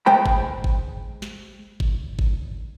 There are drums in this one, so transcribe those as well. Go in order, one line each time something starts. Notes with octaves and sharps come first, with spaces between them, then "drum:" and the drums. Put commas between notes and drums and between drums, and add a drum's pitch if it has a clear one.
G#3 C5 G5 B5
drum: kick G1
drum: kick G1
drum: snare
drum: kick G1
drum: kick G1